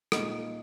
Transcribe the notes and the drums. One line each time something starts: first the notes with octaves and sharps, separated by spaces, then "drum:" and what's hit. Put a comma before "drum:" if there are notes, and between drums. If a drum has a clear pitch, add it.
A#2 G#3 D#4, drum: rim click